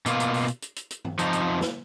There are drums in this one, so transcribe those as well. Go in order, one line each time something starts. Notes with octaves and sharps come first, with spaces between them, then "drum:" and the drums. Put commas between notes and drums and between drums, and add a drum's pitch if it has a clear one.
B2 A#3 F4, drum: hi-hat
drum: hi-hat
drum: open hi-hat
drum: hi-hat
drum: hi-hat
drum: hi-hat
drum: hi-hat
drum: tom G2
F2 F3 D#4, drum: hi-hat
drum: hi-hat
drum: snare